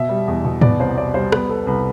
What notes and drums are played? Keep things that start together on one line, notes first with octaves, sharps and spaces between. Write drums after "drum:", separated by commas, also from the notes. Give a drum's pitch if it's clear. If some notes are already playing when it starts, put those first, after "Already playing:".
Already playing: B2 E5
G3
E2
B2
B3 D5, drum: tom G#2
C2 C5
B3 D5
G3 C5
B3 B4, drum: rim click
B3 A4
C2 B4